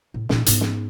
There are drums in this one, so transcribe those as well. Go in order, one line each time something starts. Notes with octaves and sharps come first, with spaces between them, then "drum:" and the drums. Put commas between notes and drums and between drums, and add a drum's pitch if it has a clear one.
A2
A#2 D#4, drum: snare
G#2 B3, drum: hi-hat
drum: snare